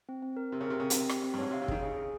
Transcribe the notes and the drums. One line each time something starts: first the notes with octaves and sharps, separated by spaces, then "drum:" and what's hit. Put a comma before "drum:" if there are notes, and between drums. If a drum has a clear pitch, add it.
C4
C4
A#4
C3 C4
C#3
C3 A#4
C#3 C4
C3, drum: hi-hat
C4
G4, drum: rim click
C4
G2
G#2 C#5
C3
F5
C3
D#3 G#4, drum: kick
C#3 G#4
G#4